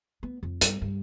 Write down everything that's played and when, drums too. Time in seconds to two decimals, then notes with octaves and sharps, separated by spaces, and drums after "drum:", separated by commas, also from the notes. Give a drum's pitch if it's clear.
0.23 B3
0.43 F2
0.61 G2, drum: hi-hat
0.82 G2